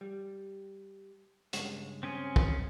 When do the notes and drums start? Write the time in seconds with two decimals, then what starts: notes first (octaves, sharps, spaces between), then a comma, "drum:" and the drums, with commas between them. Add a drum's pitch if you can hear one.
0.01 G3
1.53 G2 C#3 G#3, drum: hi-hat
2.03 C4 C#4 G#4
2.36 drum: kick